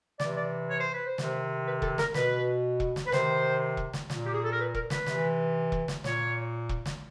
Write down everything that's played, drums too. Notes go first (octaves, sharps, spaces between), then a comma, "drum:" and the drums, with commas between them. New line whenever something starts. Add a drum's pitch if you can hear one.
C3 E3 D5, drum: snare
D5
C#5
C5
B4
C5
C3 D#3, drum: snare
B4
A4, drum: kick E1
A#4, drum: snare
B2 B4, drum: snare
drum: kick E1
drum: snare
B4
C3 D#3 C5, drum: snare
drum: kick E1
drum: snare
A#2, drum: snare
G4
G#4
A4
A#4
B4
A#4, drum: kick E1
B4, drum: snare
C3, drum: snare
E3
drum: kick E1
drum: snare
A#2 C#5, drum: snare
drum: kick E1
drum: snare